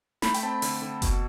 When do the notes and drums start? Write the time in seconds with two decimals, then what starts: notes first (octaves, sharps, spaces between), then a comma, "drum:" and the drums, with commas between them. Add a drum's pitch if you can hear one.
0.22 A3 B5, drum: snare
0.34 G5, drum: hi-hat
0.43 C4 A5
0.62 D3, drum: open hi-hat
0.82 D3
1.02 B2, drum: kick F#1, hi-hat